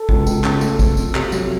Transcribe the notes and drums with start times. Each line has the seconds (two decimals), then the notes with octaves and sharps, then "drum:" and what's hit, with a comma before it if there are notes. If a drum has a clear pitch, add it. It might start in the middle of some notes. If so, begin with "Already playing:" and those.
Already playing: A4
0.09 C#2, drum: kick
0.26 C#2, drum: tambourine
0.44 C#3, drum: clap
0.61 A3, drum: tambourine
0.79 F2, drum: kick, tambourine
0.97 F2, drum: tambourine
1.15 C3, drum: clap
1.32 F#3, drum: tambourine